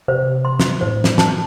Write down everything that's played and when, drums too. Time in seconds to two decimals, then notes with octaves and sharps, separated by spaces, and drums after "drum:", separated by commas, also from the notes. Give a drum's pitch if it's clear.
0.08 C3 C5
0.45 C6
0.60 drum: snare
0.81 A2 C5
1.04 drum: snare
1.18 A5, drum: snare